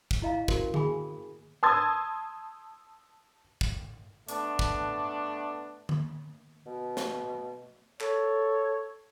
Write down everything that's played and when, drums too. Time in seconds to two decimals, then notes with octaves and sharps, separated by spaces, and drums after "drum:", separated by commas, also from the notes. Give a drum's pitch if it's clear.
0.11 drum: kick
0.22 E4 F4 D#5 F5 A#5
0.48 C#4 F#4 A#4 C5, drum: kick
0.74 G#4 G5 G#5 B5, drum: tom D3
1.63 A5 C6 D#6 E6 G#6 A6
3.61 drum: kick
4.28 A3 B3 D4, drum: hi-hat
4.59 drum: kick
5.89 drum: tom D3
6.66 B2
6.97 drum: snare
8.00 A4 C#5, drum: clap